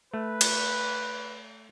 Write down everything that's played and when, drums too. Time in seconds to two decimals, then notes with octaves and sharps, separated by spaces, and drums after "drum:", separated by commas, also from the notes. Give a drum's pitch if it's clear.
0.14 A3 B4
0.41 drum: cymbal